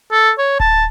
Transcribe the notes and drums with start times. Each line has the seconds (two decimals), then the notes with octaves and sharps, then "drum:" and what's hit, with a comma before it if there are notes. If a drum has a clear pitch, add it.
0.11 A4
0.38 C#5
0.60 A5, drum: kick D1